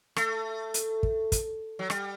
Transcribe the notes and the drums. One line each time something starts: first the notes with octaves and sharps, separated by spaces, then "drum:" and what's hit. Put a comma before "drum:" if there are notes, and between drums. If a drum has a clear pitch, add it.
A3, drum: rim click
drum: hi-hat
drum: kick
drum: kick, hi-hat
F#3
G3, drum: rim click